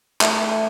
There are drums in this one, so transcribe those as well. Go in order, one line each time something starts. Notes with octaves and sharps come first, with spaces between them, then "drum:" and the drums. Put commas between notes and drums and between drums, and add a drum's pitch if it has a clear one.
A3, drum: clap